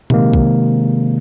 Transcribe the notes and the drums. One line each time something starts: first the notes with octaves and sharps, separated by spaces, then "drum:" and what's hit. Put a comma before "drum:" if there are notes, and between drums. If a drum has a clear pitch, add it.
C3 D#3 G#3 A#3, drum: tom A#2
drum: kick